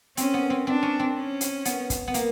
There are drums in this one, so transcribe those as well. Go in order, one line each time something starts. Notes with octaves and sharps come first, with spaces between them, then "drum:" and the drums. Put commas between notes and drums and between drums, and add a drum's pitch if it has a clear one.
C4 C#4, drum: hi-hat
B3
C4
C4 D4
C#4
C4
C#4
drum: hi-hat
B3, drum: hi-hat
drum: kick, hi-hat
B3
A#3, drum: hi-hat